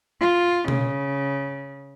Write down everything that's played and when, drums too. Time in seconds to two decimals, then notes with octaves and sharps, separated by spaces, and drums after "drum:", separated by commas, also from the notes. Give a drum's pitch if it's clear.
0.21 F4
0.68 C#3, drum: tom B2